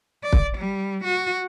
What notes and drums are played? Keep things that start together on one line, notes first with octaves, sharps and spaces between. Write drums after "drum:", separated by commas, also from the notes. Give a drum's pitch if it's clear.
D5
drum: kick
G3
F#4